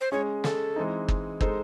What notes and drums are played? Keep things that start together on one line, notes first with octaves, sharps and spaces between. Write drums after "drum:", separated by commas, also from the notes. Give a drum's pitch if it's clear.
C5
G#3 C#4 G#4 C#5
A4, drum: snare
E3 G#3 C4 D#4
drum: kick
G#3 D#4 A4 C5, drum: kick